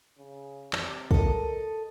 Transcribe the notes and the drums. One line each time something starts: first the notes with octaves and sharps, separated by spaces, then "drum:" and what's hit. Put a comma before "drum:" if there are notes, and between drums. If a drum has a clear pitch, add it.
C#3
C3 D5, drum: clap
A4 A#4 D#5, drum: kick